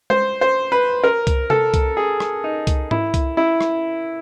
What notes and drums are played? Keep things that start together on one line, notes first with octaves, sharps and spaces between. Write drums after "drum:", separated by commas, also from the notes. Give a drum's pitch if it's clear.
C5, drum: tom G#3
C5
B4
A#4
drum: kick C2, hi-hat
A4, drum: tom C3
drum: kick C2, hi-hat
G#4
drum: rim click
D#4
drum: kick C2, hi-hat
E4, drum: tom G#2
drum: kick C2, hi-hat
E4
drum: rim click